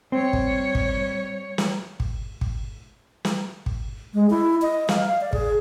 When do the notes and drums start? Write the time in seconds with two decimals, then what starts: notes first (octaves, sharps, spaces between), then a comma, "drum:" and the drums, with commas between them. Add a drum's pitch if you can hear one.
0.12 G3 C4 C#5
0.33 drum: kick G#1
0.75 drum: kick G#1
1.58 drum: snare
2.00 drum: kick G#1
2.41 drum: kick G#1
3.25 drum: snare
3.66 drum: kick G#1
4.14 G#3
4.30 E4
4.62 D#5
4.89 F5, drum: snare
5.05 F5
5.21 D5
5.33 G#4, drum: kick G#1